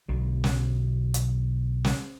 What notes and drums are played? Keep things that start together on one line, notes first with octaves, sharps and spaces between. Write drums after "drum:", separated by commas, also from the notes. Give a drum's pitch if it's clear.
B1 B2 D3
drum: snare
drum: hi-hat
drum: snare